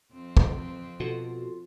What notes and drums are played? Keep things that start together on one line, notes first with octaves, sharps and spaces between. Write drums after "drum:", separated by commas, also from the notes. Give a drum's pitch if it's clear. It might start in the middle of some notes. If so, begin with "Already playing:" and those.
F2 C4
drum: kick
B2 F4 F#4 A4